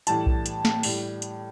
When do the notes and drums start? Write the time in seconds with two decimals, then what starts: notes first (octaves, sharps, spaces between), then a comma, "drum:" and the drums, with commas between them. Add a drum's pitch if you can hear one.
0.07 A2 E3 G3 A5, drum: hi-hat
0.27 drum: kick B1
0.46 drum: hi-hat
0.65 drum: snare
0.83 A2 G3, drum: open hi-hat
1.22 drum: hi-hat